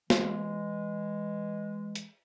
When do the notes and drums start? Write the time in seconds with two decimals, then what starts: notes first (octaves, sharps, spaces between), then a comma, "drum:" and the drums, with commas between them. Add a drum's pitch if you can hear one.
0.10 E3 G#3, drum: snare
1.96 drum: hi-hat